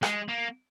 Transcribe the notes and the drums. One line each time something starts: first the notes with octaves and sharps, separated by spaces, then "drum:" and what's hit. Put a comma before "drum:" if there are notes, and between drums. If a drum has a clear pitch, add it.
G#3, drum: rim click
A#3